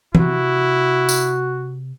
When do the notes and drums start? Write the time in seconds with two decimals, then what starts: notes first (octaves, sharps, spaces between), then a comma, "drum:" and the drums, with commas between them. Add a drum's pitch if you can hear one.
0.15 C3 E4 F#4, drum: tom E3
1.09 drum: tambourine